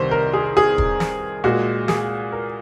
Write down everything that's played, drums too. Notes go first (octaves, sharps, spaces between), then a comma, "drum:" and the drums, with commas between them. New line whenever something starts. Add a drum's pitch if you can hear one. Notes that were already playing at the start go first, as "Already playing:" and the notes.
Already playing: C2 C3 D#3 C5
A#4
G#4
G#4
drum: kick
drum: snare
A#2 G#3 F#4
G#4, drum: snare
A#4